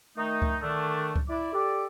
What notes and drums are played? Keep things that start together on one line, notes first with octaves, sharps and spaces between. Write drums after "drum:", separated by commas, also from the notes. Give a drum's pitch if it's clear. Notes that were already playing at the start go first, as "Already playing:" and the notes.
D#3 A3 D#4
drum: kick C#2
D3 D#3 A3 D4
drum: kick C#2
E4 D5
G4 A4 D5